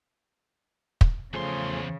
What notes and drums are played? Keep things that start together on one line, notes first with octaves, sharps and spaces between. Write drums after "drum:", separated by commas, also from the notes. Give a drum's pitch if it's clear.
drum: kick
E2 C#3 F3 A3 G#4 C5 C6